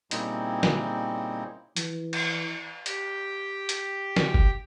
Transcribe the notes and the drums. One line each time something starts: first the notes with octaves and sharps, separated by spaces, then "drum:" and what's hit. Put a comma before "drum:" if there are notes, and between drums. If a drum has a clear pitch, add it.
A#2 C#3 G3 C4 D#4 E4, drum: hi-hat
drum: snare
E3, drum: hi-hat
drum: cymbal
G4 G5, drum: hi-hat
drum: hi-hat
drum: snare
drum: kick G1